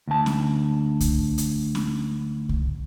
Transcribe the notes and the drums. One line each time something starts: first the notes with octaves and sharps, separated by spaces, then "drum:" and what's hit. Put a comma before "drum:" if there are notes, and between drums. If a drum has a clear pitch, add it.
D2 A5
drum: snare
drum: kick C2, hi-hat
drum: hi-hat
drum: snare
drum: kick C2